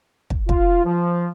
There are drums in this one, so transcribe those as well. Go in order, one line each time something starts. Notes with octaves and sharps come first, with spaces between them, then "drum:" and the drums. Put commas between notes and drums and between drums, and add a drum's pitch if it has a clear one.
drum: kick
F4, drum: kick
F3